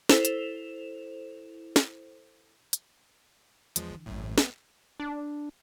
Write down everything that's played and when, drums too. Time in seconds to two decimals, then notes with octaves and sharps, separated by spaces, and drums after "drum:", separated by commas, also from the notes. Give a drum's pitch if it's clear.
0.09 E4 A4 C5 E7 F7, drum: snare
0.25 drum: hi-hat
1.76 drum: snare
2.73 drum: hi-hat
3.76 E2 F3 G#3, drum: hi-hat
3.91 D3 E3
4.06 D#1 G#1 F#2 A2
4.38 B3, drum: snare
5.00 D4